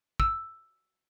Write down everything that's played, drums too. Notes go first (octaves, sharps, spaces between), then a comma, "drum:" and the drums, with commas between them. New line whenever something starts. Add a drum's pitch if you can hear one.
E6, drum: kick